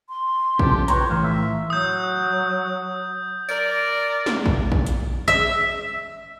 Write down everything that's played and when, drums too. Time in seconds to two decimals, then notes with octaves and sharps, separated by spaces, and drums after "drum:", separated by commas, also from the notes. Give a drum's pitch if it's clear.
0.09 C6
0.59 C#3 F3 G4 A4, drum: kick A#1
0.88 B4 C#5 G5 A#5, drum: hi-hat
1.10 A2 E3 F5
1.24 E5
1.70 F#3 D#6 G6
3.49 A#4 D5, drum: tambourine
4.26 drum: snare
4.46 drum: kick A#1
4.72 drum: kick A#1
4.86 drum: hi-hat
5.28 E5